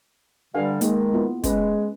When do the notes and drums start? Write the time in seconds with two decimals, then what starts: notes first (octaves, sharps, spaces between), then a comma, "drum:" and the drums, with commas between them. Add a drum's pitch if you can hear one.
0.55 G2 D3 G3 F5 F#5 G#5
0.81 D#3 G#3 A#3 D#4 G#4, drum: hi-hat
1.13 B3 E4 F4
1.44 G#3 C#4 B4, drum: kick, hi-hat